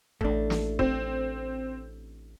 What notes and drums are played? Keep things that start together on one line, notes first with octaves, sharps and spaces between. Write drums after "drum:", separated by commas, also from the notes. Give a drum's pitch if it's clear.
A1 A3 D4, drum: kick
drum: snare
C4, drum: kick